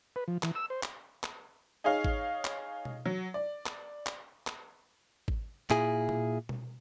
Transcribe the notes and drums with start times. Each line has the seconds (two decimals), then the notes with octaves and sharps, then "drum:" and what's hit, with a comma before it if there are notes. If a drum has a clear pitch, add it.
0.16 B4
0.28 F3
0.43 E3, drum: clap
0.55 E6
0.70 C5
0.83 drum: clap
1.24 drum: clap
1.84 D#4 G#4 C#5 F5
2.04 drum: kick G#1
2.45 drum: clap
2.85 drum: tom B2
3.06 F#3
3.34 D5
3.66 drum: clap
4.07 drum: clap
4.47 drum: clap
5.28 drum: kick G#1
5.70 A#2 E4 G#4, drum: clap
6.09 drum: tom A#2
6.49 drum: tom B2